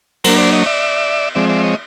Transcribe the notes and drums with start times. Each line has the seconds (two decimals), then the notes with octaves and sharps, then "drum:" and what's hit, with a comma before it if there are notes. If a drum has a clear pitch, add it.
0.24 F#3 A#3 D4 A#4 C5, drum: cymbal
0.38 C5 D5
0.52 C#5 D#5
0.66 D5 E5
1.35 F3 G#3 C4 D5 E5
1.49 D5 E5
1.63 C#5 D#5